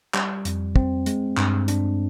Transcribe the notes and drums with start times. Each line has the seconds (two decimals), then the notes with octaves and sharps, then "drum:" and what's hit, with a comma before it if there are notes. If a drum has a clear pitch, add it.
0.14 G3, drum: clap
0.45 F2, drum: hi-hat
0.76 C4, drum: kick
1.06 G#3, drum: hi-hat
1.37 G2, drum: clap
1.68 D4, drum: hi-hat